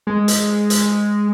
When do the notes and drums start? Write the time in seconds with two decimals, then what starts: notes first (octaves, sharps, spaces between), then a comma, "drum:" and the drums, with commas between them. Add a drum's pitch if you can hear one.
0.07 G#3
0.28 drum: hi-hat
0.70 drum: hi-hat